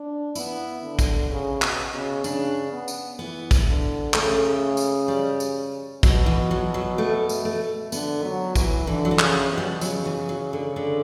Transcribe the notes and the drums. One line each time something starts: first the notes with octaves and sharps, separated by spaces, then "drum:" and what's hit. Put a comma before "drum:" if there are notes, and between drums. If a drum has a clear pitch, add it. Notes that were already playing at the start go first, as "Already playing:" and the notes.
Already playing: D4
B3 E4, drum: tambourine
D3
drum: kick, tambourine
C#3
B2, drum: clap
C#3
C#3 D4, drum: tambourine
B3
drum: tambourine
E3 B3
drum: kick, tambourine
D3
C#3 A3, drum: clap
drum: tambourine
G3
drum: tambourine
B2 F#3, drum: kick, tambourine
E3
F#3
F#3
A3
drum: tambourine
A3
D3 B3, drum: tambourine
F#3
E3, drum: kick, tambourine
D3 E3
F#3
E3
C#3, drum: clap
B2
G3
C#3 F#3, drum: tambourine
E3
F#3
D3
D3